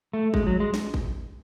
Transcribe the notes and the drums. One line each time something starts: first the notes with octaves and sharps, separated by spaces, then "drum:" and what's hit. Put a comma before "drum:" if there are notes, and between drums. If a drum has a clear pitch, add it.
A3
G#3, drum: kick A1
F#3
G#3
drum: snare
drum: kick A1